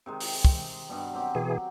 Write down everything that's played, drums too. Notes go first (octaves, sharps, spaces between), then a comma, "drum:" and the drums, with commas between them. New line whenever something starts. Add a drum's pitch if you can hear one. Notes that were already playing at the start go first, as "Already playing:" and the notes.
C3 D#3 G#3
drum: open hi-hat
drum: kick
G2 B2 G3
F#3 C4 G4
B2 E3 G#4